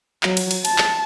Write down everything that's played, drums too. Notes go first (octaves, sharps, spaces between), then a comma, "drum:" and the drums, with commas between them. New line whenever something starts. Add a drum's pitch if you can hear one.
F#3, drum: clap
drum: cymbal
drum: cymbal
A5, drum: cymbal
drum: clap